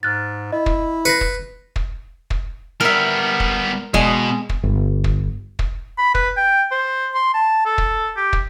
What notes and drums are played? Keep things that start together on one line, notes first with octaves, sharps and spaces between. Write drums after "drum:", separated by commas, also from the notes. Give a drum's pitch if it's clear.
G#2 F6 F#6 A6
E4 D#5
drum: kick
B4 A#6 C7 C#7
drum: kick
drum: kick
drum: kick
G3 B3 A#4 E5
drum: kick
B2 G#3, drum: kick
drum: kick
G1
drum: kick
drum: kick
B5
B4, drum: kick
G5
C5
C6
A5
A4
drum: kick
G4
drum: kick